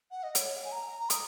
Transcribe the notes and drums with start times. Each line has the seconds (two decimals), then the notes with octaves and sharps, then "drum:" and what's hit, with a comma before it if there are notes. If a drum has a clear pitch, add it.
0.11 F#5
0.23 D#5
0.35 C#5, drum: hi-hat
0.56 F#5
0.65 G#5
0.72 A#5
1.00 A#5
1.10 D#6, drum: hi-hat